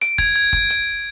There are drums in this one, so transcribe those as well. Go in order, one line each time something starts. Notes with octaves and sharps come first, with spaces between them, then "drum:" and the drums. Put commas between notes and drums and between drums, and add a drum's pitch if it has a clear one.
D7, drum: hi-hat
G#6, drum: kick
G#6
drum: kick
drum: hi-hat